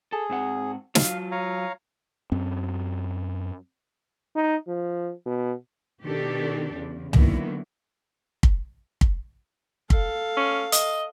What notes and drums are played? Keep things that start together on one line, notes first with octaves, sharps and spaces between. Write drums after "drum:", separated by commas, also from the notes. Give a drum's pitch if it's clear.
G#4 A4
G#2 C4 F#5
F#3 F4 F5, drum: snare
C#5 F5 A#5
F#2 C4
D#4
F3
B2
B2 D#3 D4 G4 A4
E2 C#3
D3 D#3 F#3 A#3 B3 E4, drum: tom
drum: kick
drum: kick
A4 F5, drum: kick
C#4
D#5, drum: hi-hat